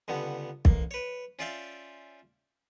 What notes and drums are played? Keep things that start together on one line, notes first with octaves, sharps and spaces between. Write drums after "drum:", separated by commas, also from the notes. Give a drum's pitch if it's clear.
C#2 D3 G3 B3
A1 A#3, drum: kick
B4 C#5
C#4 F4 D5 E5 F5 G5